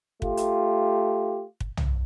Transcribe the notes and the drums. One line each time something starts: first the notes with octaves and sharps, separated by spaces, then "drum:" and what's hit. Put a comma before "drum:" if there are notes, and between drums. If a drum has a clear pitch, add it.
A3 F4 G4, drum: kick
drum: hi-hat
drum: kick
drum: tom